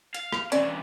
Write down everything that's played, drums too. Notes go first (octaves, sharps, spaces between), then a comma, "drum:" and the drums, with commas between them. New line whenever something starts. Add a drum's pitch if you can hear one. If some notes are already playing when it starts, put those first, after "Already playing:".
F5, drum: hi-hat
drum: rim click
E3 C#4 D4 D5, drum: hi-hat